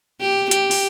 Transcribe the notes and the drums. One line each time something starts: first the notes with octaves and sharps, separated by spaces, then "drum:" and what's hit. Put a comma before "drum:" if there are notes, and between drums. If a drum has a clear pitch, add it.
G4
G4, drum: hi-hat
drum: open hi-hat